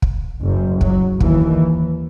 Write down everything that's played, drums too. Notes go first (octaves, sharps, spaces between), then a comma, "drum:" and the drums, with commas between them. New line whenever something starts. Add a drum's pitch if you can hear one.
drum: kick
F#1 F#2
F#3, drum: kick
D#2 E3, drum: kick